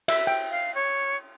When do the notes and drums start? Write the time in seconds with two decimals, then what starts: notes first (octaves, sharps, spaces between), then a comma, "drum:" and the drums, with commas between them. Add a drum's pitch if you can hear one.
0.08 E5, drum: cymbal
0.27 G5
0.51 F5
0.75 C#5